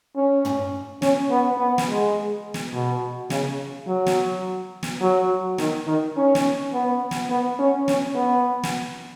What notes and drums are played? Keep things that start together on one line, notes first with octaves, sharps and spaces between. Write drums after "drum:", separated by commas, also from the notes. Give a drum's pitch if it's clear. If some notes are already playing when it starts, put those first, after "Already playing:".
C#4
drum: tom
C#4, drum: snare
B3
B3
drum: snare
G#3
drum: snare
B2
C#3, drum: snare
F#3
drum: snare
drum: snare
F#3
D#3, drum: snare
D#3
C#4
drum: snare
B3
drum: snare
B3
C#4
C#4, drum: snare
B3
drum: snare